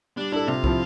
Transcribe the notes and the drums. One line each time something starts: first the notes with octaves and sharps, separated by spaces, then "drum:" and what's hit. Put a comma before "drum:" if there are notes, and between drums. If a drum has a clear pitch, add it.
G3 D4
D4 E4 A4
C3 F4
F3 C4 E4, drum: kick